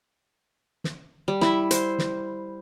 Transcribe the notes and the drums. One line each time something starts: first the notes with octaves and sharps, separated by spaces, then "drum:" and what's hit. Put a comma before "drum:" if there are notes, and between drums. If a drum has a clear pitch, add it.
drum: snare
G3
E4, drum: snare
C5, drum: hi-hat
drum: snare